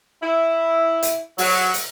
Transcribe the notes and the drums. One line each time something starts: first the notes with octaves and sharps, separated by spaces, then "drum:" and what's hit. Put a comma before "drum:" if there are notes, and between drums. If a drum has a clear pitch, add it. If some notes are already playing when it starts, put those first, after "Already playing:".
E4
drum: hi-hat
F#3, drum: open hi-hat
drum: hi-hat